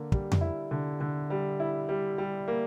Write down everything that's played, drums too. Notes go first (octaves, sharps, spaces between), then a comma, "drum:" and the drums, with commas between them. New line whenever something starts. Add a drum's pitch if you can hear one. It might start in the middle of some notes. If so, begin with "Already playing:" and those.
Already playing: D3 A#3
G3, drum: kick
drum: tom F2
E4
D3
D3
G3
E4
G3
G3
A#3